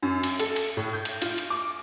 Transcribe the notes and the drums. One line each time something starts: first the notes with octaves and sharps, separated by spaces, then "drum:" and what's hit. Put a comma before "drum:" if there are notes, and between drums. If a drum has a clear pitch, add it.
F#2
drum: cymbal
A4, drum: cymbal
drum: cymbal
A2
G6
drum: cymbal
F4, drum: cymbal
drum: cymbal
D6